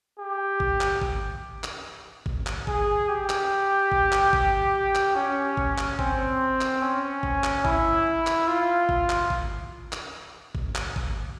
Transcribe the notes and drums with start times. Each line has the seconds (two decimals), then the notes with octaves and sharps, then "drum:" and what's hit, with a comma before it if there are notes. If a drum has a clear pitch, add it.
0.19 G4
0.60 drum: kick G#1
0.81 drum: clap
1.02 drum: kick G#1
1.64 drum: clap
2.26 drum: kick G#1
2.47 drum: clap
2.67 G#4, drum: kick G#1
3.08 G4
3.29 drum: clap
3.92 drum: kick G#1
4.12 drum: clap
4.33 drum: kick G#1
4.95 drum: clap
5.16 C#4
5.57 drum: kick G#1
5.78 drum: clap
5.99 C4, drum: kick G#1
6.61 drum: clap
6.82 C#4
7.23 drum: kick G#1
7.44 drum: clap
7.65 E4, drum: kick G#1
8.27 drum: clap
8.47 F4
8.89 drum: kick G#1
9.10 drum: clap
9.30 drum: kick G#1
9.92 drum: clap
10.55 drum: kick G#1
10.75 drum: clap
10.96 drum: kick G#1